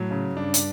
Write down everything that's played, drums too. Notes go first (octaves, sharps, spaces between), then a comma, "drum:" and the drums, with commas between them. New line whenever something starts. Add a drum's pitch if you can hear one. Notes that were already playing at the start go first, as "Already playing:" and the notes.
Already playing: A2 F#3
C#3
G2 D4
drum: hi-hat